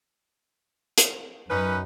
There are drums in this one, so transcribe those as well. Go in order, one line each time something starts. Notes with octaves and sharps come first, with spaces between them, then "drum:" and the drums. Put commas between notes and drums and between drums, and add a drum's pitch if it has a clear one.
drum: hi-hat
F#2 C#4 D#4 B4